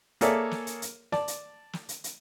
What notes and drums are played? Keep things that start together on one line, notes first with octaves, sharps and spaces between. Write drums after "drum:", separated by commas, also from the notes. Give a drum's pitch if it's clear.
A#3 G#4 A4 C#5 D5 E5, drum: hi-hat
drum: snare
drum: hi-hat
drum: hi-hat
D5 A5, drum: snare
drum: hi-hat
drum: snare
drum: hi-hat
drum: hi-hat